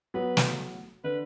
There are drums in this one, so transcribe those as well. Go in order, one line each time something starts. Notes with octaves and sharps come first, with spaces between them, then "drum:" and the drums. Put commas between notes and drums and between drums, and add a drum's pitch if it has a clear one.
F#3 B3 B4
drum: snare
D3 B4